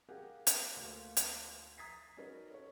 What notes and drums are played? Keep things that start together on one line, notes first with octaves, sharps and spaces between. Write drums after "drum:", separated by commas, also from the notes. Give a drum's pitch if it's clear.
G4 G#4 A#4 F5 F#5
drum: hi-hat
D2 A#3 F5
drum: hi-hat
A#5 D#6 G#6 A6 B6 C7
C#4 D#4 F#4 A#4 B4 C#5
A4 C#5